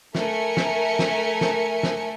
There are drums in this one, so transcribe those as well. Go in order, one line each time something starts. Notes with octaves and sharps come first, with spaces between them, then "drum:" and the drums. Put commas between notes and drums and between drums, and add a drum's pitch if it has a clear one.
A3 A#4 E5 G#5 C#7, drum: snare
drum: snare
drum: snare
drum: snare
drum: snare